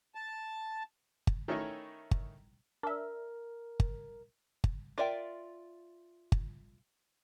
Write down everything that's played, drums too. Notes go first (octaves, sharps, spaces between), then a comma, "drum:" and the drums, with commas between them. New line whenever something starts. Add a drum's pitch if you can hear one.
A5
drum: kick G1
D#3 A3 C#4 D#4 E4 C#5
drum: kick G1
D4 A#4 E5
drum: kick G1
drum: kick G1
F4 A#4 D5 E5 G5
drum: kick G1